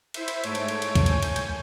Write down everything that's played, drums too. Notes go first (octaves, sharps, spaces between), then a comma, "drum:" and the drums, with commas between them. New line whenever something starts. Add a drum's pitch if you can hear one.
E4 C5 E5, drum: cymbal
drum: cymbal
G#2 A3 C#5 D7, drum: cymbal
drum: cymbal
drum: cymbal
drum: cymbal
drum: kick, cymbal
G#5 G6, drum: cymbal
drum: cymbal
drum: cymbal